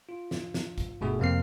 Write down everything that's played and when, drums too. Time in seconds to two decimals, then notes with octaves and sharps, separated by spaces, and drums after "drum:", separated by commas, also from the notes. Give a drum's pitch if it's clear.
0.09 F4
0.31 drum: snare
0.54 drum: snare
0.78 drum: kick, hi-hat
1.01 G1 B2 A3 G#4
1.19 F2 C3 A#3 C4 F6 C7